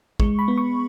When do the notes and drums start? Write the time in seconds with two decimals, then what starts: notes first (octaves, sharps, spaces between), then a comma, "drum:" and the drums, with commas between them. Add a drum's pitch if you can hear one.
0.20 G#3 C#6, drum: kick
0.39 B5
0.48 B3
0.58 C#6